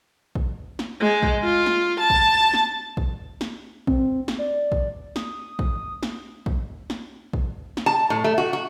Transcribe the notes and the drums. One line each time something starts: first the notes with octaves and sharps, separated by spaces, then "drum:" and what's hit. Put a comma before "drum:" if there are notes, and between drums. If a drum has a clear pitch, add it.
drum: kick
drum: snare
G#3
drum: kick
F4
drum: snare
A5
drum: kick
drum: snare
drum: kick
drum: snare
C4, drum: kick
drum: snare
D5
drum: kick
D#6, drum: snare
drum: kick
drum: snare
drum: kick
drum: snare
drum: kick
drum: snare
A5
A2
A3
F#4
F#4